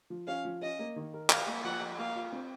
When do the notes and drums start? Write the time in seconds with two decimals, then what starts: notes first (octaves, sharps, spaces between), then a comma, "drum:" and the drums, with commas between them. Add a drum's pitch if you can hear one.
0.10 F3
0.27 C#4 F5
0.45 F3
0.62 C#4 D#5
0.79 A#3
0.96 D#3
1.14 A#4
1.30 A#4 F5, drum: clap
1.47 A#3
1.64 F3 F#5
1.81 F3
1.98 A#3 F5
2.16 F4
2.32 C4